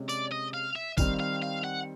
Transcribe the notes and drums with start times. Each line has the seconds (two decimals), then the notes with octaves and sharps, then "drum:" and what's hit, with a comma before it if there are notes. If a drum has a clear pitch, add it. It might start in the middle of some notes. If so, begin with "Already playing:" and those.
Already playing: C3 G#3 C#4
0.09 D5, drum: tambourine
0.32 D#5
0.54 F5
0.76 E5
0.98 D#3 G3 C4 F5, drum: kick, tambourine
1.20 F5
1.42 F5
1.64 F#5